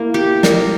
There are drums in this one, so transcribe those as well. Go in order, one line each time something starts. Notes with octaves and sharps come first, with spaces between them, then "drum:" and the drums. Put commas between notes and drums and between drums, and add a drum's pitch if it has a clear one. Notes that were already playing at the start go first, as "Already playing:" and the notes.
Already playing: A#3 E4
G4
A#4, drum: snare